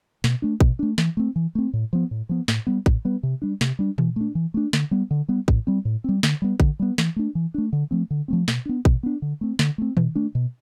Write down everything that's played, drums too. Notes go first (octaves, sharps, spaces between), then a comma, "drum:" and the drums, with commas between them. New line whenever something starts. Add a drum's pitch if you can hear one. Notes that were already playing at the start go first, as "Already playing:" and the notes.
B2, drum: snare
A3 D4
B2, drum: kick A1
A3 D4
E3, drum: snare
A3 C4
E3
A3 C4
A2
F3 B3
A2
F3 B3
A2, drum: snare
G3 B3
A2, drum: kick A1
G3 B3
C3
G3 D4
C3, drum: snare
G3 D4
E3, drum: tom A#2
A3 D4
E3
A3 D4
D3, drum: snare
G3 B3
D3
G3 B3
A2, drum: kick A1
G3 C4
A2
G3 C4
D3, drum: snare
G3 B3
D3, drum: kick A1
G3 B3
E3, drum: snare
A3 D4
E3
A3 D4
D3
F3 A3 C4
D3
F3 A3 C4
B2, drum: snare
B3 D4
B2, drum: kick A1
B3 D4
D3
A3 C4
D3, drum: snare
A3 C4
B2, drum: tom D#3
A3 D4
B2